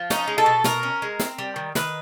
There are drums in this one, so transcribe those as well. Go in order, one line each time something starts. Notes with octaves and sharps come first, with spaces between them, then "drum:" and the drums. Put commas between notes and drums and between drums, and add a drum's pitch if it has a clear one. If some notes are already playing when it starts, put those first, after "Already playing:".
Already playing: F3
C#4 D#4, drum: snare
G#3
A4
B2
B2 A#4, drum: snare
C#4
G#3
C4, drum: snare
G3
D#3
D#3 B4, drum: snare